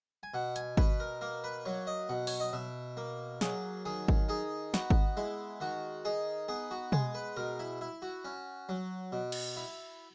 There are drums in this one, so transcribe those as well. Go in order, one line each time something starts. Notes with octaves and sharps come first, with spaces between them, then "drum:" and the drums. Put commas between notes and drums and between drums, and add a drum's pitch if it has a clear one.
G#5
B2 F#5
G#5, drum: hi-hat
B2 B4, drum: kick G#1
A#4
A#3 A#4
B4
F#3 C#5
D#5
B2 F#5
C#5, drum: open hi-hat
D#5
B2 E5
A#3
F#3 G#4, drum: snare
D#3 G#4
drum: kick G#1
D#4 G#4
B3 F#4, drum: snare
drum: kick G#1
G#3 E4
D#3 F#4
D#4 G#4
B3 G#4
F#4
G#3 G#4, drum: tom B2
B4
B2 A#4
E4
E4
F#4
C#4
F#3
B2
drum: cymbal
E4